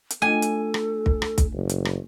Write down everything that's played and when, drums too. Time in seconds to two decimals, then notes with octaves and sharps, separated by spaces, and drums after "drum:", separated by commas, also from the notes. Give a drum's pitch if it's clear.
0.10 drum: hi-hat
0.22 A3 D4 F4 A4 G#5
0.42 drum: hi-hat
0.74 drum: rim click
1.06 drum: kick
1.22 drum: rim click
1.38 drum: kick, hi-hat
1.54 F#1
1.69 drum: hi-hat
1.85 drum: rim click